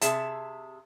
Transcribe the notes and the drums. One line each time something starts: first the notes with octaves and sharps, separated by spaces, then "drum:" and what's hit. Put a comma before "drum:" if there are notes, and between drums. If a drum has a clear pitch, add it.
C3 G#4 E5 A5, drum: hi-hat